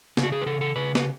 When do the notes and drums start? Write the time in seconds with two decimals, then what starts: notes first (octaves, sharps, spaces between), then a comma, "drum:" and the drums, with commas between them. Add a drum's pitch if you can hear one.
0.17 C#3, drum: snare
0.23 F#4
0.32 G#4
0.42 B4
0.46 C#3 A4
0.61 A4
0.76 C#3 B4
0.95 B4, drum: snare